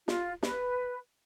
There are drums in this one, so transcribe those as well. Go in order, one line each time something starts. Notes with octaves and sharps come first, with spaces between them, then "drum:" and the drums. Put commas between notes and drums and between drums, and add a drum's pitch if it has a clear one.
F4, drum: snare
B4, drum: snare